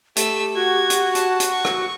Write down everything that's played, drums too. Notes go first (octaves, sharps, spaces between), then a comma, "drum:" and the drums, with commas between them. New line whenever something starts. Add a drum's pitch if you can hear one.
A3 G4 E6, drum: hi-hat
F#4 G#6
drum: hi-hat
A5, drum: hi-hat
drum: hi-hat
C#6
drum: rim click